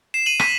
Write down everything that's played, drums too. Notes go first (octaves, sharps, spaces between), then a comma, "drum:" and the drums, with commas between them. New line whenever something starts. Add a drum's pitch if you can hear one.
C7 E7
D#7 F#7
B6 D#7, drum: rim click